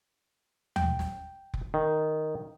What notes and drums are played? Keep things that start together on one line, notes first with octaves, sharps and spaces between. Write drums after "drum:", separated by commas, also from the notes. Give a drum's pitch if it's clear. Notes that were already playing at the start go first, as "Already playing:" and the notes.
G5, drum: tom D#2
drum: snare
drum: kick F1
D#3